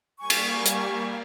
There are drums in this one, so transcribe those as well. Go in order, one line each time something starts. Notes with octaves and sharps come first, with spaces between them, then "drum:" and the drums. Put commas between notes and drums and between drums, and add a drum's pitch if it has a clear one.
G3 A#3 G#5 C#6
drum: cymbal
drum: hi-hat